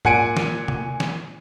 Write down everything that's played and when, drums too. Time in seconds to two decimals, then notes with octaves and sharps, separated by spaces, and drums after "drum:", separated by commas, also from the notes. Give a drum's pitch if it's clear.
0.05 A#2 F#5 G#5 C#7 D7, drum: tom G#2
0.37 drum: snare
0.68 drum: tom C3
1.00 drum: snare